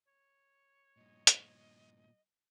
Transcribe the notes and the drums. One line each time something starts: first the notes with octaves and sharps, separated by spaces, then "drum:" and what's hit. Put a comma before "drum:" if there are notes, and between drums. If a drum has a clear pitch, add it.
C#5
G2 A#2 D#5
drum: hi-hat